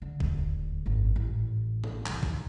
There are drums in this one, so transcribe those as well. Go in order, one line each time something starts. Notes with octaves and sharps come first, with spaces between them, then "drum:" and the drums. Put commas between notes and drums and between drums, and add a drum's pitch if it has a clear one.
D3
D#1 D2, drum: kick
G#1 F#2
A1
drum: tom G#2
C2 E3, drum: clap
D#2, drum: kick